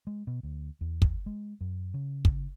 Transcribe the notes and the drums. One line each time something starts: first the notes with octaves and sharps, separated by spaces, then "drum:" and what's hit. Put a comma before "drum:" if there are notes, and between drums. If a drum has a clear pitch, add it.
G#3
B2
D2
E2
drum: kick
G#3
F#2
C#3
drum: kick